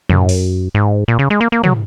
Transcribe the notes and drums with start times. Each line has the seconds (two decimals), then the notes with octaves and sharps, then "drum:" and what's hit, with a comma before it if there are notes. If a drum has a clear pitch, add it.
0.09 F#2, drum: tom
0.29 drum: open hi-hat
0.74 G#2
1.08 A#2
1.19 C#3
1.30 G#3
1.41 A#3
1.52 A#3
1.64 F#3, drum: tom